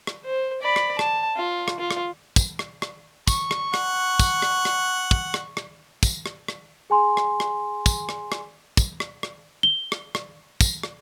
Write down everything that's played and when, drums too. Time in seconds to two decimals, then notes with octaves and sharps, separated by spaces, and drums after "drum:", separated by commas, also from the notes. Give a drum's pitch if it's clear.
0.07 drum: rim click
0.25 C5
0.62 D5 B5
0.76 drum: rim click
0.99 A5, drum: rim click
1.36 F4
1.68 drum: rim click
1.80 F4
1.91 drum: rim click
2.36 drum: kick, tambourine
2.59 drum: rim click
2.82 drum: rim click
3.27 C#6, drum: kick, tambourine
3.51 drum: rim click
3.74 F#5, drum: rim click
4.20 drum: kick, tambourine
4.42 drum: rim click
4.65 drum: rim click
5.11 drum: kick
5.34 drum: rim click
5.57 drum: rim click
6.03 drum: kick, tambourine
6.26 drum: rim click
6.48 drum: rim click
6.90 G#4 G#5 C6
7.17 drum: rim click
7.40 drum: rim click
7.86 drum: kick, tambourine
8.09 drum: rim click
8.32 drum: rim click
8.77 drum: kick, tambourine
9.00 drum: rim click
9.23 drum: rim click
9.63 G7
9.92 drum: rim click
10.15 drum: rim click
10.61 drum: kick, tambourine
10.83 drum: rim click